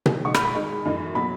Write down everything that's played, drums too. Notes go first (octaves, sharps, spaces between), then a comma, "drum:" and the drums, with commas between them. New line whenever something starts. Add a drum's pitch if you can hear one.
drum: tom B2
G#3 D#4 F#4 C#6
B5, drum: rim click
B5
D#3 G#3 D#4 G#4
F#2 E3 A3 D#4
B2 F#3 B5